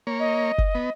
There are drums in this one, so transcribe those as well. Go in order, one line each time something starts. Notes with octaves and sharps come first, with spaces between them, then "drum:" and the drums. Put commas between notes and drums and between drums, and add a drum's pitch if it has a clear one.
A#3 C#5
D#5
drum: kick F#1
B3